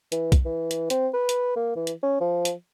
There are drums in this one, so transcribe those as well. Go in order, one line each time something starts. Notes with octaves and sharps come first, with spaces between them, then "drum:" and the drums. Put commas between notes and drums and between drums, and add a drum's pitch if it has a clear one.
E3, drum: hi-hat
drum: kick, hi-hat
E3
drum: hi-hat
C4, drum: hi-hat
B4
drum: hi-hat
A#3
E3
drum: hi-hat
C#4
F3
drum: hi-hat